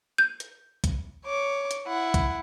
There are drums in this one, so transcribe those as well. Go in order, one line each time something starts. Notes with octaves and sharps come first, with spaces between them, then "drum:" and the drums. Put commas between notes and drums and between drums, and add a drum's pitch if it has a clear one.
G6
drum: hi-hat
drum: kick, hi-hat
C#5 D6
drum: hi-hat
E4 F#5
drum: kick, hi-hat